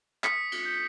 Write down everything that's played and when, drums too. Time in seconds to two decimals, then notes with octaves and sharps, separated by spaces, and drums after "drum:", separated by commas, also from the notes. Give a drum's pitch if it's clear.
0.24 D#6 B6 C#7, drum: clap
0.52 drum: cymbal
0.65 G6